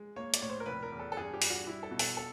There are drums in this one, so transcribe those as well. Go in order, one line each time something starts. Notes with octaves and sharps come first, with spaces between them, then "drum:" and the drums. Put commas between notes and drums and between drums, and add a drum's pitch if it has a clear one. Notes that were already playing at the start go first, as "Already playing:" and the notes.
Already playing: G#3
A#3 C#5
D5, drum: hi-hat
A2 C#5
C5
A#4
F1 B4
A#4
E2
A4
A4
G2 G#4
G4
G2, drum: open hi-hat
F#4
G3 E4
A4
B2
A4, drum: open hi-hat
A4